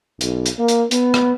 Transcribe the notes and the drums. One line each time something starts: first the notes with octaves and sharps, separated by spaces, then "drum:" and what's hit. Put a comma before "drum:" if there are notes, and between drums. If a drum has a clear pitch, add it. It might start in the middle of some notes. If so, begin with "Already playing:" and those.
B1, drum: hi-hat
drum: hi-hat
A#3
drum: hi-hat
B3, drum: hi-hat
drum: rim click